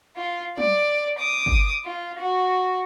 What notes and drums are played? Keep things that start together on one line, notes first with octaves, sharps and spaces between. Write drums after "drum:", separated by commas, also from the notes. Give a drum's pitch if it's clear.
F4
D5, drum: tom
D6 D#6
drum: kick
F4
F#4